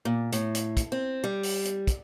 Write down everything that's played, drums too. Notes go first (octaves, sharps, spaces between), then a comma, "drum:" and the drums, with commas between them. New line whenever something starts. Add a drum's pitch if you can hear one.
A#2
A2, drum: hi-hat
drum: hi-hat
drum: kick, hi-hat
C4
G3
drum: open hi-hat
drum: hi-hat
drum: kick, hi-hat